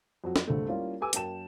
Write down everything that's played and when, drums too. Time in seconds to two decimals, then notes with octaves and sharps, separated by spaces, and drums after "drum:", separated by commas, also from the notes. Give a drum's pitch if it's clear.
0.24 F2 F#3 F#4
0.36 drum: snare
0.47 C#2 G2 D3 A3 C4
0.68 G3 A#3 C#4 E4 F4
1.01 G4 A4 B4 G#5 D6 E6
1.13 F#2 A#3 G5 A5 E7, drum: hi-hat